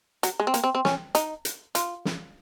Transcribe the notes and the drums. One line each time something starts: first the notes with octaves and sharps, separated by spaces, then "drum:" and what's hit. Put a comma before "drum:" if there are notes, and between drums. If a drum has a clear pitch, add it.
F#3, drum: hi-hat
G#3
C4
A#3, drum: hi-hat
C4
C4
C#4, drum: snare
D#4, drum: hi-hat
drum: hi-hat
F4, drum: hi-hat
drum: snare